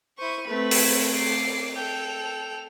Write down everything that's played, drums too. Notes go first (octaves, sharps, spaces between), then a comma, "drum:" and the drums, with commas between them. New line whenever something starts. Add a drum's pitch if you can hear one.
E4 C5 C#6 D#7
A3 C4 B4
drum: open hi-hat
D6 C7
A4 G5 F7